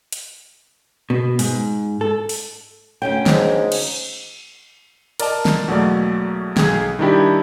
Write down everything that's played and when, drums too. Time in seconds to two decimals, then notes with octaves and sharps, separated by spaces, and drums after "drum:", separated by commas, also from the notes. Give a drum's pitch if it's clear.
0.12 drum: hi-hat
1.10 B2
1.39 G#2, drum: open hi-hat
2.01 A4
2.29 drum: open hi-hat
3.02 D2 C#4 G5
3.26 G#2, drum: snare
3.72 drum: cymbal
5.19 A#4 D5 D#5 A5, drum: cymbal
5.45 drum: snare
5.68 E2 B2 F#3 A3 A#3 D5
6.57 B1 G#4 G5 G#6, drum: snare
6.99 D#3 G3 D4 E4 G4